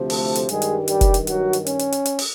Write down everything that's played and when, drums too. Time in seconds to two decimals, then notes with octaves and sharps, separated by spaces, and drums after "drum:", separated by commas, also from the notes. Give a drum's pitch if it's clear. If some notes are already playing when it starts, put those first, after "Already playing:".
Already playing: D2 C3 F3
0.10 A3 A4, drum: open hi-hat
0.35 drum: hi-hat
0.49 G2 D#3 G3 G#3 G#4, drum: hi-hat
0.62 drum: hi-hat
0.88 G3 G4, drum: hi-hat
1.01 drum: kick, hi-hat
1.14 drum: hi-hat
1.27 F#3 F#4, drum: hi-hat
1.53 drum: hi-hat
1.66 C#4, drum: hi-hat
1.79 drum: hi-hat
1.92 drum: hi-hat
2.06 drum: hi-hat
2.19 drum: open hi-hat